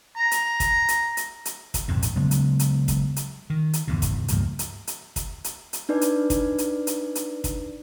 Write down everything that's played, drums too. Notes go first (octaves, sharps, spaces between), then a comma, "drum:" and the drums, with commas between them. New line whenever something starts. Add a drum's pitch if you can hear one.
A#5
drum: hi-hat
drum: kick, hi-hat
drum: hi-hat
drum: hi-hat
drum: hi-hat
drum: kick, hi-hat
A#1 F2 G#2 C3
drum: hi-hat
C#3 F#3 G#3 B3
drum: hi-hat
drum: hi-hat
drum: kick, hi-hat
drum: hi-hat
D#3
drum: hi-hat
E2 G#2 C#3
drum: kick, hi-hat
C#2 G2 F3 A#3, drum: hi-hat
drum: hi-hat
drum: hi-hat
drum: kick, hi-hat
drum: hi-hat
drum: hi-hat
D4 D#4 B4 D5
drum: hi-hat
drum: kick, hi-hat
drum: hi-hat
drum: hi-hat
drum: hi-hat
drum: kick, hi-hat